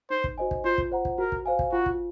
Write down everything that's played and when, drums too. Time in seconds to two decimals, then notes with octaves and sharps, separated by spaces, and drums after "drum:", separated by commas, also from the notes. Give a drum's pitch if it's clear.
0.10 D#4 C5
0.24 drum: kick
0.38 F#4 C5 D#5 G#5
0.51 drum: kick
0.65 F4 C5
0.78 drum: kick
0.92 C5 F#5 A#5
1.05 drum: kick
1.19 F#4 A#4
1.32 drum: kick
1.46 C5 F5 G#5
1.59 drum: kick
1.72 F4 F#4
1.86 drum: kick